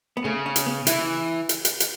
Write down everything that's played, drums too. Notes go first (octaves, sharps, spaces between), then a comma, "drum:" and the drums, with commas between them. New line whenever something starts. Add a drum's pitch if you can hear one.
B3
C#3 A3
C#4
drum: hi-hat
B3
E3 E4, drum: hi-hat
drum: hi-hat
drum: hi-hat
drum: hi-hat